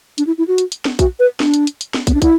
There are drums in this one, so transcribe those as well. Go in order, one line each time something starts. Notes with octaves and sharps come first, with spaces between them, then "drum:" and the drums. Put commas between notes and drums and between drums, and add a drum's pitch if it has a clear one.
D4, drum: hi-hat
E4
E4
F#4
drum: hi-hat
drum: hi-hat
drum: snare
F#4, drum: kick, hi-hat
B4
D4, drum: snare
drum: hi-hat
drum: hi-hat
drum: hi-hat
drum: snare
B3, drum: kick, hi-hat
D4
E4, drum: kick, hi-hat